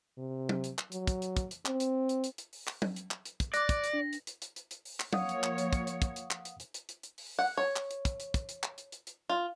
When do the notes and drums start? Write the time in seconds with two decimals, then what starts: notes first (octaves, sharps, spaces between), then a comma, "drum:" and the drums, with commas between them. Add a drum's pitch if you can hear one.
0.18 C3
0.49 drum: tom
0.64 drum: hi-hat
0.78 drum: clap
0.92 F#3, drum: hi-hat
1.07 drum: kick, hi-hat
1.22 drum: hi-hat
1.37 drum: kick, hi-hat
1.51 drum: hi-hat
1.66 C4, drum: clap
1.80 drum: hi-hat
2.09 drum: hi-hat
2.24 drum: hi-hat
2.38 drum: hi-hat
2.53 drum: open hi-hat
2.67 drum: clap
2.82 drum: tom
2.96 drum: hi-hat
3.11 drum: clap
3.25 drum: hi-hat
3.40 drum: kick, hi-hat
3.54 D5 D6 F#6 A#6, drum: hi-hat
3.69 drum: kick, hi-hat
3.84 drum: hi-hat
3.93 D4
4.13 drum: hi-hat
4.27 drum: hi-hat
4.42 drum: hi-hat
4.56 drum: hi-hat
4.71 drum: hi-hat
4.85 drum: open hi-hat
5.00 drum: clap
5.13 F3 A#3 C#5 F5 F#5 D#6, drum: tom
5.29 drum: hi-hat
5.44 drum: clap
5.58 drum: hi-hat
5.73 drum: kick, hi-hat
5.87 drum: hi-hat
6.02 drum: kick, hi-hat
6.16 drum: hi-hat
6.31 drum: clap
6.45 drum: hi-hat
6.60 drum: hi-hat
6.74 drum: hi-hat
6.89 drum: hi-hat
7.03 drum: hi-hat
7.18 drum: open hi-hat
7.39 F#5
7.58 C#5
7.76 drum: clap
7.91 drum: hi-hat
8.05 drum: kick, hi-hat
8.20 drum: hi-hat
8.34 drum: kick, hi-hat
8.49 drum: hi-hat
8.63 drum: clap
8.78 drum: hi-hat
8.92 drum: hi-hat
9.07 drum: hi-hat
9.29 F4